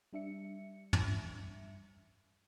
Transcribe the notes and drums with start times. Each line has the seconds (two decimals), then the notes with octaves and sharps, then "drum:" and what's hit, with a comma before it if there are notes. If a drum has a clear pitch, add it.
0.13 G3 D4 E5 C#7
0.93 drum: tom